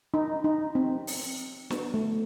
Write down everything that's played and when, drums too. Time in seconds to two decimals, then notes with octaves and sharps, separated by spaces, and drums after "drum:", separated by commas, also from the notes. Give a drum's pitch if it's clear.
0.14 D#4
0.44 D#4
0.75 C4
1.07 drum: open hi-hat
1.70 B3, drum: snare
1.94 A3